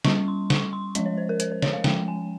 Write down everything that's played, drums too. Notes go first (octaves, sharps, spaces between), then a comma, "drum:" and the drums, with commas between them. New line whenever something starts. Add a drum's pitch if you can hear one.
G3 C#4 C#6, drum: snare
C6
C#6, drum: snare
C6
F3 G#3 C#4 D#5, drum: hi-hat
C#5
C5
A#4
C5, drum: hi-hat
C5
C#5, drum: snare
F5
F3 G#3 C#4 G5, drum: snare
G#5